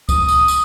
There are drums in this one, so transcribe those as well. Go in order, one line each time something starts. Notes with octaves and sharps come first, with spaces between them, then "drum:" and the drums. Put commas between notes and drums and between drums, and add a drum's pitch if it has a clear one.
D#6, drum: kick C#2, tambourine
drum: tambourine
drum: tambourine